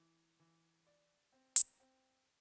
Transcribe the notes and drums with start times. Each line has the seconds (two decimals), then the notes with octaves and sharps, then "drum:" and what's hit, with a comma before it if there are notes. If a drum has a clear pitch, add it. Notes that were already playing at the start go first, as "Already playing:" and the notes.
Already playing: E3
0.40 E3
0.87 D5
1.33 C4
1.56 drum: hi-hat
1.80 C4